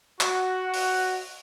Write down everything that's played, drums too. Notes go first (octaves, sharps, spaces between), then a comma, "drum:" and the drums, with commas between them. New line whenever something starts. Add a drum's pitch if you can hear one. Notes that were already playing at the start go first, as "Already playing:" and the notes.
F#4, drum: clap
drum: open hi-hat